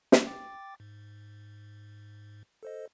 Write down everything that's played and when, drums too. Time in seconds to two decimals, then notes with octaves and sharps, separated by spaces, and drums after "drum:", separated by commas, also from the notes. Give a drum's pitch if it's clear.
0.12 drum: snare
0.26 G5 D6 A6
0.80 G#2
2.63 A4 C5 D#5